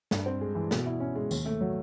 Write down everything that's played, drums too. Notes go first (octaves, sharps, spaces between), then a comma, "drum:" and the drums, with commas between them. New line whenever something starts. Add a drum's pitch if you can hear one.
G2, drum: snare
C4
G#3
E3
B2, drum: snare
E4
C#4
G#3
D#2, drum: tambourine
A3
F#3